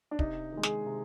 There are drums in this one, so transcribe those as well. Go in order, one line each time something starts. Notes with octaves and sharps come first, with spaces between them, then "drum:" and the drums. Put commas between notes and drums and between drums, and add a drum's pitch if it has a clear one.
D4
C3 D#4, drum: kick
D#3 G#3
G#4, drum: snare
C3